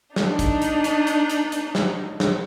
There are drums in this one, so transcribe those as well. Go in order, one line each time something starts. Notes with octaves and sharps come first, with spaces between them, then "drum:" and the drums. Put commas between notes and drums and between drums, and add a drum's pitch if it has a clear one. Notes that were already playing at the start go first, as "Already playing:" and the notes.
D4 D#4, drum: snare
drum: kick, hi-hat
drum: hi-hat
drum: hi-hat
drum: hi-hat
drum: hi-hat
drum: hi-hat
drum: snare
drum: snare